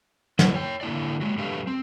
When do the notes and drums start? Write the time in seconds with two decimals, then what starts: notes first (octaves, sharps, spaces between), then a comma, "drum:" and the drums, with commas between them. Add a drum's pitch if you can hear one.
0.39 E3 A#3 E4 D#5 F#5, drum: snare
0.54 C#5 G5
0.81 D3 A#3 E4 D5
1.21 F#3 G#3
1.38 F#3 A3 D4 G4 B4 F5
1.67 C4